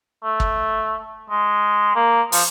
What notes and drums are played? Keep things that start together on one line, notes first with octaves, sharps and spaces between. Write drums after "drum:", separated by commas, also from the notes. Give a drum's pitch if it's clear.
A3
drum: kick
G#3
A#3
F3, drum: open hi-hat